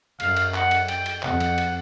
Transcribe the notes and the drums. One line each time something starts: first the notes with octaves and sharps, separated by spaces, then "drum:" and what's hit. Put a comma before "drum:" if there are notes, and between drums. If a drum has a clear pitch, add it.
F#2 F5, drum: cymbal
drum: cymbal
F#5, drum: clap
drum: cymbal
G5, drum: cymbal
drum: cymbal
F2 F#5, drum: clap
drum: cymbal
drum: cymbal